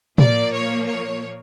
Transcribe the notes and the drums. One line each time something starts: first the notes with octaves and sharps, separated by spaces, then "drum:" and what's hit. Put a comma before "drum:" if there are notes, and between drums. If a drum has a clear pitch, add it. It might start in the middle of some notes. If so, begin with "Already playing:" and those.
A#2 F3 A#3 D5, drum: tom
C#5
C#5